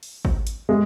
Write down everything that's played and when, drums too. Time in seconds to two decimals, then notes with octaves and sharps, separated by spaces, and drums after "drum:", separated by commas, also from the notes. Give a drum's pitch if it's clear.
0.03 drum: open hi-hat
0.25 drum: kick G#1
0.47 drum: hi-hat
0.69 G#3